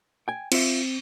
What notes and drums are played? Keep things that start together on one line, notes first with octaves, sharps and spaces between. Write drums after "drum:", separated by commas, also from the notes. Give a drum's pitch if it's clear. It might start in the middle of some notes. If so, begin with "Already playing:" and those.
G5 G#5
C4 F4 E5, drum: cymbal